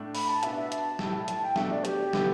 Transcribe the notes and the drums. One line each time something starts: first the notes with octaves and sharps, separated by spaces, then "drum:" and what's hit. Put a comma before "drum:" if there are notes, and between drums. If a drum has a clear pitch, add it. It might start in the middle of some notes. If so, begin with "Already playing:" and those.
Already playing: A2 A3 D4
B5, drum: open hi-hat
A5
B2 B3 D4 E5, drum: hi-hat
E5
A5, drum: hi-hat
A2 G3 E4, drum: snare
A5, drum: hi-hat
G5
B2 A3 D4 E5, drum: snare
D5
G4, drum: hi-hat
D3 B3 E4, drum: snare